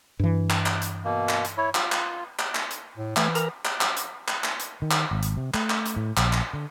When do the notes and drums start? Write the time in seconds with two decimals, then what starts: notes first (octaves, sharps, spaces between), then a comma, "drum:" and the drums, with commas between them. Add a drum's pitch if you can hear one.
0.19 G2 E3
0.50 drum: clap
0.66 drum: clap
0.82 drum: hi-hat
1.05 B2 A#3
1.29 drum: clap
1.45 drum: hi-hat
1.58 E4 C#5
1.75 F4, drum: clap
1.92 drum: clap
2.39 drum: clap
2.55 drum: clap
2.71 drum: hi-hat
2.97 A2
3.16 E3 A3 G#6, drum: clap
3.35 A#4 A#5, drum: hi-hat
3.65 drum: clap
3.81 drum: clap
3.97 drum: hi-hat
4.28 drum: clap
4.44 drum: clap
4.60 drum: hi-hat
4.82 D#3
4.91 drum: clap
5.11 G#1
5.23 drum: hi-hat
5.37 C3
5.54 A3, drum: clap
5.70 drum: clap
5.86 drum: hi-hat
5.96 A2
6.17 A#1, drum: clap
6.33 drum: clap
6.53 D3